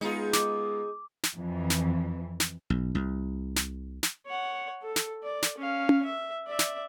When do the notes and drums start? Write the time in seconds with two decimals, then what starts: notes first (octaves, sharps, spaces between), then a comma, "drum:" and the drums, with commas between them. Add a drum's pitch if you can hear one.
0.01 G#3 B3 D#4 F4 G#4
0.33 D6, drum: snare
1.23 drum: snare
1.36 F2 E3
1.70 drum: snare
2.40 drum: snare
2.70 B1
2.95 C2
3.56 drum: snare
4.03 drum: snare
4.26 C#5 F#5
4.82 A4
4.96 drum: snare
5.23 D5
5.42 drum: snare
5.57 C#4 F5
5.89 drum: tom C#4
6.06 E5
6.46 D5 E5
6.59 drum: snare